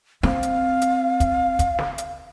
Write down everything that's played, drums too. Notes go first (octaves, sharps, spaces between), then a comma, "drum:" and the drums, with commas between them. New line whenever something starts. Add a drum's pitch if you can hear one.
C4 F5, drum: snare
drum: hi-hat
drum: hi-hat
drum: kick, hi-hat
drum: kick, hi-hat
drum: snare
drum: hi-hat